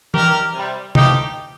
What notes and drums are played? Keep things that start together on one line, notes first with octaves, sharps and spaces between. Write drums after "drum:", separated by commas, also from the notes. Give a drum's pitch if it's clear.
G2 D#3 G3 G4 A#4, drum: tom
C3 G3
G2 F3 A3 D#4 G4, drum: tom C3